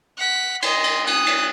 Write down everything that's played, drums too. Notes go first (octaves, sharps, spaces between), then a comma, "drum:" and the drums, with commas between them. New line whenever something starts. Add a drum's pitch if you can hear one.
F#5 B6
D#5 C6, drum: cymbal
drum: cymbal
D#6 F#6, drum: cymbal
drum: cymbal